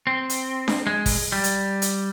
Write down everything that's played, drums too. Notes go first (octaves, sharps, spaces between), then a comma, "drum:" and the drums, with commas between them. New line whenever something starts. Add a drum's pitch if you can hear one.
C4
drum: hi-hat
drum: snare D4
G#3
drum: kick, open hi-hat
G3
drum: hi-hat
drum: hi-hat